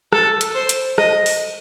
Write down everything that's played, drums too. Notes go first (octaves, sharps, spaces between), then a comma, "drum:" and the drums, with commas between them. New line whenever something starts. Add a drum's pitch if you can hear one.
A4, drum: rim click
drum: hi-hat
C5
drum: hi-hat
D#5, drum: rim click
drum: open hi-hat